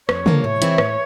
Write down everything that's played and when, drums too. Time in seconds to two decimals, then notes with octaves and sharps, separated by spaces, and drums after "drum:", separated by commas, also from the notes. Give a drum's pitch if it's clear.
0.09 F2 C#5, drum: rim click
0.26 D3 F3 A#3, drum: tom
0.44 A2 C#5
0.62 E3 G#3 C4 E4, drum: hi-hat
0.78 A2, drum: rim click